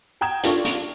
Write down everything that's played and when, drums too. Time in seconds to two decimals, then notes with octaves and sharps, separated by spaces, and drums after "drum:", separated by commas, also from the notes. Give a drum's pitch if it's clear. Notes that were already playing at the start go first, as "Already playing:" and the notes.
0.21 F#5 G5 A#5 D#6 G#6 E7
0.43 D4 F4 A4 C#6, drum: hi-hat
0.65 drum: hi-hat